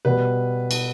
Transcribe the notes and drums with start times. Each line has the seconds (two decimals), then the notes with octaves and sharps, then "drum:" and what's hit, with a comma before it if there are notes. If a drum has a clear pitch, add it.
0.05 B2 G3 B4
0.71 drum: cymbal